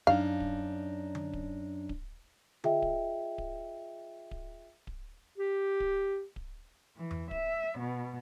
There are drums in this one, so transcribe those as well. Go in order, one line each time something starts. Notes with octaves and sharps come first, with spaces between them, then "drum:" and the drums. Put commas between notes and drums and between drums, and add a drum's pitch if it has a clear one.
F#2 D4 D#4 F5
drum: kick D1
drum: tom D3
drum: kick D1
drum: kick D1
F4 G#4 D#5 E5 G5, drum: tom D3
drum: kick D1
drum: kick D1
drum: kick D1
drum: kick D1
G4
drum: kick D1
drum: kick D1
E3
drum: tom E2
E5, drum: kick D1
B2